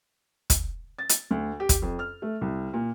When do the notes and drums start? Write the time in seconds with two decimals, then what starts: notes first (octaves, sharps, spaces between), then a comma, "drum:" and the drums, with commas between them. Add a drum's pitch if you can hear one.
0.50 drum: kick, hi-hat
0.99 A6
1.09 drum: hi-hat
1.31 D2
1.60 G4
1.69 drum: kick, hi-hat
1.82 F2
1.99 F6
2.22 A3
2.41 C2
2.74 A#2